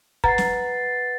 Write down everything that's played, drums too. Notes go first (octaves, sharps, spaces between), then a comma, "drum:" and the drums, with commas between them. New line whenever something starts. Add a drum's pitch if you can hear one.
B4 F#5 A#5 A6 C7, drum: kick
drum: snare